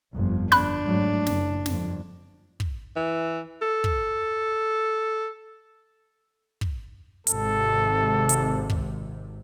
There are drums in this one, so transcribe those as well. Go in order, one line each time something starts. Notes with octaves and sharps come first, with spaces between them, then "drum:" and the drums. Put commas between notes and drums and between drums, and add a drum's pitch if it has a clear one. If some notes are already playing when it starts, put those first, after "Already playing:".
G1 F2 F3
D4 B5 F#6, drum: snare
G#2 F#3 A3
F#1 F#2, drum: snare
G1 F2, drum: snare
drum: kick
E3
A4
drum: kick
drum: kick
G#1 C3 A4, drum: hi-hat
drum: hi-hat
drum: kick